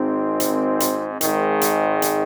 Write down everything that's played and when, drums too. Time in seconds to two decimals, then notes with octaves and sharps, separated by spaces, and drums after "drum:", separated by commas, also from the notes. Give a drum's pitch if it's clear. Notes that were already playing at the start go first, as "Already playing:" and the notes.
Already playing: G#1 G#2 D#3 C4
0.40 drum: hi-hat
0.80 drum: hi-hat
1.21 G#1 G#2 D#3, drum: hi-hat
1.61 drum: hi-hat
2.02 drum: hi-hat